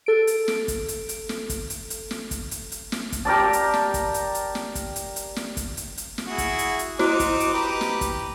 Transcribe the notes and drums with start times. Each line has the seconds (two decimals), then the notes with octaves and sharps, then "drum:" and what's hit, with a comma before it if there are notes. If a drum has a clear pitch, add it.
0.06 A4 D7
0.27 drum: hi-hat
0.48 drum: snare
0.68 drum: kick, hi-hat
0.88 drum: hi-hat
1.09 drum: hi-hat
1.29 drum: snare
1.50 drum: kick, hi-hat
1.70 drum: hi-hat
1.90 drum: hi-hat
2.11 drum: snare
2.31 drum: kick, hi-hat
2.51 drum: hi-hat
2.72 drum: hi-hat
2.92 drum: snare
3.12 drum: kick, hi-hat
3.25 G4 A#4 D5 A5
3.53 drum: hi-hat
3.73 drum: snare
3.94 drum: kick, hi-hat
4.14 drum: hi-hat
4.35 drum: hi-hat
4.55 drum: snare
4.75 drum: kick, hi-hat
4.96 drum: hi-hat
5.16 drum: hi-hat
5.36 drum: snare
5.57 drum: kick, hi-hat
5.77 drum: hi-hat
5.97 drum: hi-hat
6.18 drum: snare
6.27 E4 F#4 G#4
6.38 drum: kick, hi-hat
6.59 drum: hi-hat
6.79 drum: hi-hat
6.99 C4 D#4 E4 F#4 C5 D6, drum: snare
7.20 drum: kick, hi-hat
7.40 drum: hi-hat
7.53 G4 B4 A#5
7.81 drum: snare
8.01 drum: kick, hi-hat